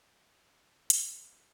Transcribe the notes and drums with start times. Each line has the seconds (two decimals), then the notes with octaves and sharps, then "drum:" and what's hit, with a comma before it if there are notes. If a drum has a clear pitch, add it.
0.25 F3 C#4 G#5
0.72 D1 B2
0.90 drum: hi-hat
1.24 E4